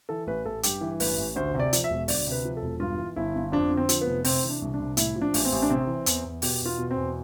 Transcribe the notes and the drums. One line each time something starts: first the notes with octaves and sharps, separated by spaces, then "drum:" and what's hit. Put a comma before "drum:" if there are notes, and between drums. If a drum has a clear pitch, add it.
E3 A4
A1 B4
A1 A4
G2 G4, drum: hi-hat
E3
A1 B4, drum: open hi-hat
A1
D2 C5
C3 D5
F3, drum: hi-hat
E5
E1
D2 D5, drum: open hi-hat
C3 B4
F3
A4
E1
G2 F4
E3
G1 E4
G1
F2 D4
D3
C4
F3, drum: hi-hat
B3
F1
C3 C4, drum: open hi-hat
E3
D4
C2
D4
C2
A2 E4, drum: hi-hat
F3
D4
A1, drum: open hi-hat
C4
A1
D4
C3 C4
E3
E2, drum: hi-hat
E2
B2 G4, drum: open hi-hat
E2
F4
B2
C4
E2